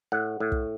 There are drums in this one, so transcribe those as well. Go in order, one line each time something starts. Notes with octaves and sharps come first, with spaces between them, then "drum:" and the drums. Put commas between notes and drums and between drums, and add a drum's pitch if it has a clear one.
A2 F#5
A2
drum: kick